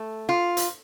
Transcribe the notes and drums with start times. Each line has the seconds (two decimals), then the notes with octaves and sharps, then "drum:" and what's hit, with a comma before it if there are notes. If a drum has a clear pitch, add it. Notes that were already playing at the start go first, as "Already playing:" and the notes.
Already playing: A3
0.29 F4
0.57 drum: hi-hat